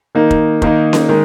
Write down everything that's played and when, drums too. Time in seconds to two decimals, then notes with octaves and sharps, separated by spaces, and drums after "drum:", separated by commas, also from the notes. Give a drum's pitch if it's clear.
0.15 D#3 A#3 D#4
0.31 drum: kick
0.62 D#3 A#3 D#4, drum: kick
0.93 drum: snare C#4
1.09 D#3 G#3